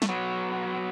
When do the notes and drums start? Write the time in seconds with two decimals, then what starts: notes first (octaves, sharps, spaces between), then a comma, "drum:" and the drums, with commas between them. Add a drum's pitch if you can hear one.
0.02 A3, drum: snare
0.09 F#3 B3